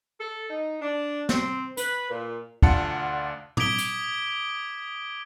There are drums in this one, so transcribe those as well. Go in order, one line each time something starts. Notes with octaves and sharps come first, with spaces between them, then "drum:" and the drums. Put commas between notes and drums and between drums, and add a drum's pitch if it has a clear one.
A4
D#4
D4
C4, drum: snare
B4, drum: hi-hat
A#2
D2 D4 F4 F#5 A5 C#7, drum: kick
D6 D#6 G#6 B6 D7 G7, drum: tom
drum: hi-hat